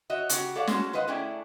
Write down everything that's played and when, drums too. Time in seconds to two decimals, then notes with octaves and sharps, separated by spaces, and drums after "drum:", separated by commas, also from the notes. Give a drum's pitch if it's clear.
0.10 F#4 C#5 D#5 E5
0.29 C#3 F#4 G4, drum: hi-hat
0.55 G4 A4 C#5 D5 F5 F#5
0.67 G#3 C4 C#4 F#4 A5, drum: snare
0.93 F4 B4 C5 D#5 F#5
1.07 A3 C#4 D4 E4 G#4 G5